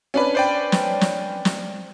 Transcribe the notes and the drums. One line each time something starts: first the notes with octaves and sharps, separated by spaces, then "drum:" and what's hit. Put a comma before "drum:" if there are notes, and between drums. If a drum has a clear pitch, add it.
C#4 D4 B4
C5 D5 G5
drum: snare
drum: snare
drum: snare